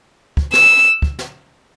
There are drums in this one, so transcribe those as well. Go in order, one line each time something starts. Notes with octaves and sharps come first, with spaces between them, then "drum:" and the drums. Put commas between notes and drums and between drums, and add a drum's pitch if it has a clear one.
drum: kick
E6, drum: snare
drum: kick
drum: snare